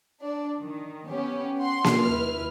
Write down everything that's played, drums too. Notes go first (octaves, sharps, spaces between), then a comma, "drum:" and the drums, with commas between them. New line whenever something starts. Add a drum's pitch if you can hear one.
D4 D5
D#3
B3 C#4 G4
F#5 C6
drum: snare A#3
D#2 E4 B4 F6